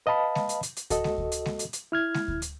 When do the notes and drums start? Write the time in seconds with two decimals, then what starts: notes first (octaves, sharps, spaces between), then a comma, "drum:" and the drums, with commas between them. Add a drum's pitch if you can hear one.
0.06 B4 D#5 F5 A5 B5
0.35 drum: snare G#3
0.49 drum: hi-hat
0.63 drum: hi-hat
0.77 drum: hi-hat
0.90 F#4 A4 D#5, drum: kick D2, hi-hat
1.04 drum: snare G#3
1.18 drum: kick D2
1.32 drum: hi-hat
1.46 drum: snare G#3
1.59 drum: hi-hat
1.73 drum: hi-hat
1.92 E4 F6 G#6
2.14 drum: snare G#3
2.28 drum: kick D2
2.42 drum: hi-hat